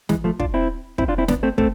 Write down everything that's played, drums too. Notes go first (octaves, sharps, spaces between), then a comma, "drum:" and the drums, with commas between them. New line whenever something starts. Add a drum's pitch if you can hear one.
E3 G#3, drum: snare
F3 A3
D4 F4, drum: kick
C4 E4
C4 E4, drum: kick
D4 F4
C4 E4
B3 D4, drum: snare
A3 C4
A3 C4, drum: kick